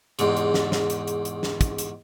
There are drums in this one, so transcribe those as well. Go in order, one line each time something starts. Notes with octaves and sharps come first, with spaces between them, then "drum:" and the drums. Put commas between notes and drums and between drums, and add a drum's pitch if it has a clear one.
E2 G#2 C3, drum: hi-hat
drum: hi-hat
drum: snare
drum: snare
drum: hi-hat
drum: hi-hat
drum: hi-hat
drum: snare
drum: kick, hi-hat
drum: hi-hat